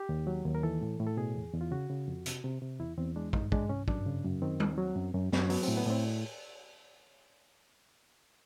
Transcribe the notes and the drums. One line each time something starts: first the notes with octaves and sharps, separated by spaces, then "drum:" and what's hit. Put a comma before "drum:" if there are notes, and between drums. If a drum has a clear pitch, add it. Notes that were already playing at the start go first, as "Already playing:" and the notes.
Already playing: G4
D#2
F#3
D#2
A#4
E3 A4
A2
A2
A4
B2 G#4
E2
E2
F4
C#3 F#4
C#3
F2
C3, drum: hi-hat
C3
C3
E2 E4
E2 C4
G#3 D4
C2 D#4, drum: kick
G#3 D4, drum: kick
C2 C#4
F#2 D4, drum: kick
C#3
F#2
D#3 C4
D#2, drum: tom G3
F#3
F#2
F#2
F#2, drum: snare
F#3 B3, drum: open hi-hat
A2 C4, drum: tambourine
B3
A2 C4